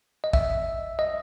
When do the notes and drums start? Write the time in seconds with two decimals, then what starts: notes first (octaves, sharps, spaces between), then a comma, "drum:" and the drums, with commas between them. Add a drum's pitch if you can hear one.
0.24 D#5
0.33 E5, drum: kick
0.99 D#5